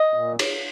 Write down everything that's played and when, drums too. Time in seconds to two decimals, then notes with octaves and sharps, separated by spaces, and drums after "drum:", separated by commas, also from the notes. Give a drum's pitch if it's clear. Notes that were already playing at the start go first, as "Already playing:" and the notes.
Already playing: D#5
0.14 A#2
0.39 drum: cymbal